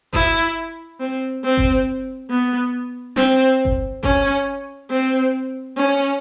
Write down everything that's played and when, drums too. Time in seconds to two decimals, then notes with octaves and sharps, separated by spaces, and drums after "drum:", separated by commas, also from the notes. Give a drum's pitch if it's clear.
0.13 E4, drum: kick G1
0.99 C4
1.44 C4
1.58 drum: kick G1
2.30 B3
3.16 C4, drum: snare
3.65 drum: kick G1
4.03 C#4, drum: kick G1
4.90 C4
5.77 C#4